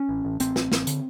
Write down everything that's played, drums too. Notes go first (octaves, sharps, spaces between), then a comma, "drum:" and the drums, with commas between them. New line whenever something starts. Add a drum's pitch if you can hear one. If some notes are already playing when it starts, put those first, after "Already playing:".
Already playing: C#4
A1
A1
A1 C4, drum: hi-hat
A1, drum: snare
A1, drum: snare
D3, drum: hi-hat